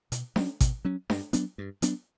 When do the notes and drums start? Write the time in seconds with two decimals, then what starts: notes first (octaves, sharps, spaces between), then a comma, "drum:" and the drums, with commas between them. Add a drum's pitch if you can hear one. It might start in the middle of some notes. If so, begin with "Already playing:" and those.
0.12 B2, drum: hi-hat
0.36 F#3 C#4, drum: snare D4
0.61 B2, drum: kick G#1, hi-hat
0.85 F#3 C#4
1.10 G2, drum: snare D4
1.33 F#3 B3 D4, drum: hi-hat
1.58 G2
1.82 F#3 B3 D4, drum: hi-hat